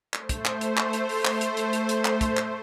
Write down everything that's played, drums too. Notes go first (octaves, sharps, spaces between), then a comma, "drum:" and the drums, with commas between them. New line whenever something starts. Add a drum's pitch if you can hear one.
A3 C5, drum: clap
drum: kick, hi-hat
drum: clap
drum: hi-hat
drum: clap
drum: hi-hat
drum: open hi-hat
drum: clap
drum: hi-hat
drum: hi-hat
drum: hi-hat
drum: hi-hat
drum: clap
drum: kick, hi-hat
drum: clap